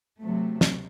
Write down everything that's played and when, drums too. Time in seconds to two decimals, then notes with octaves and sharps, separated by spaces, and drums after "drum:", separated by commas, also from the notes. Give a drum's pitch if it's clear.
0.21 C3 F#3 A3
0.61 drum: snare